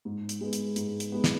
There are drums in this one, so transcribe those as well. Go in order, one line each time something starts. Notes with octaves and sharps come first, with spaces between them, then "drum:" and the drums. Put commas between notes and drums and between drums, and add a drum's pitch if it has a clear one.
G#2
drum: hi-hat
G#3 B3
drum: hi-hat
G#2, drum: hi-hat
drum: hi-hat
G#3 B3
drum: snare